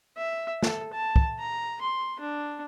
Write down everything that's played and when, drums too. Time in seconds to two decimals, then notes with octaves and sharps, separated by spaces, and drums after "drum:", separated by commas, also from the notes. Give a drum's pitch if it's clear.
0.18 E5
0.63 A4, drum: snare
0.93 A5
1.16 drum: kick
1.40 A#5
1.82 C6
2.20 D4